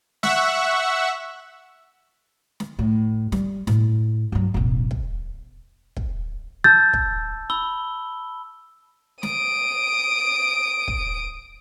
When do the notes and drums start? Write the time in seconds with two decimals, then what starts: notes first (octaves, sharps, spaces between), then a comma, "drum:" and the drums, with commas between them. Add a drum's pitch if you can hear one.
0.23 E5 F#5 C#6, drum: snare
2.60 drum: snare
2.79 A2
3.32 G3, drum: snare
3.67 A2, drum: snare
4.32 G2 F#3
4.54 E1 A1
4.91 drum: kick
5.96 drum: kick
6.64 A5 E6 G6 A6
6.93 drum: kick
7.50 B5 E6 G7
9.23 D#6 D7, drum: snare
10.88 drum: kick